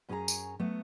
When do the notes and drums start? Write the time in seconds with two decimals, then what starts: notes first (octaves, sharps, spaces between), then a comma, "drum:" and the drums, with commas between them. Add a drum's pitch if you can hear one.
0.09 F#2 C#4 G#4 A#4 G#5 A#5
0.28 drum: tambourine
0.59 F#3 A3 B3